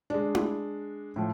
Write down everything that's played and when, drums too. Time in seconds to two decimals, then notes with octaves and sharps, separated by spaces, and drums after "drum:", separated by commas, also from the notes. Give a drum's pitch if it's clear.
0.10 G#3 D4
0.35 drum: tom E4
1.16 A2 F3